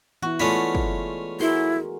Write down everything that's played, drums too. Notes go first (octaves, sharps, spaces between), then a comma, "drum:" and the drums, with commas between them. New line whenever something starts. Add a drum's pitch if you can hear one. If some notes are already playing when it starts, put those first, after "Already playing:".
E3 B3 E4 F#4
G#3 A3 B3 C#4 F4 D5 B5
drum: kick
E4 F#4 G#4 A#4 C6